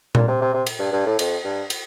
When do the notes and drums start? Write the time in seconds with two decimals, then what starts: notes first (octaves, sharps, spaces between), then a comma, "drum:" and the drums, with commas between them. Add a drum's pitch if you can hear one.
0.15 A#2, drum: tom A#2
0.28 C3
0.41 C3
0.54 C3
0.66 drum: cymbal
0.79 G2
0.92 G2
1.06 A2
1.19 F2, drum: cymbal
1.44 G2
1.70 drum: cymbal